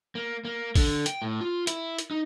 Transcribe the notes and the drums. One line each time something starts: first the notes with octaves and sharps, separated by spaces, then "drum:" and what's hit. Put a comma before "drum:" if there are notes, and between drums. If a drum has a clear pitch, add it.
A#3
A#3
D3, drum: kick, open hi-hat
G5, drum: hi-hat
A2
F4
E4, drum: hi-hat
drum: hi-hat
D#4